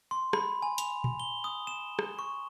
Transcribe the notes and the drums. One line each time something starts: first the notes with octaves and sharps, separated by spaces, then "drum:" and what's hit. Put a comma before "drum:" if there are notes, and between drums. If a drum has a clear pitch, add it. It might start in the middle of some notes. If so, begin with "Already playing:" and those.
C6
B5, drum: rim click
G#5
F7, drum: hi-hat
drum: tom A#2
G7
D#6
E7
drum: rim click
C#6